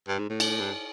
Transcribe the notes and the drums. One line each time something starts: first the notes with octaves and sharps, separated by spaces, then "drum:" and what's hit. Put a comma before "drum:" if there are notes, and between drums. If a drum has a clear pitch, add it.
G2
G#2
A2
drum: cymbal
G2